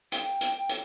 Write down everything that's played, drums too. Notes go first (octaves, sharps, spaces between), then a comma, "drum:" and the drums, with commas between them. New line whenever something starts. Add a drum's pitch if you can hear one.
G5, drum: hi-hat
drum: hi-hat
drum: hi-hat